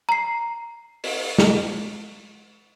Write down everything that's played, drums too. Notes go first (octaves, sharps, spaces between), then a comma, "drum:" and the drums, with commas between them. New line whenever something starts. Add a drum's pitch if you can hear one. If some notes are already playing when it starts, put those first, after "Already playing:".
A#5 C7
drum: open hi-hat
drum: snare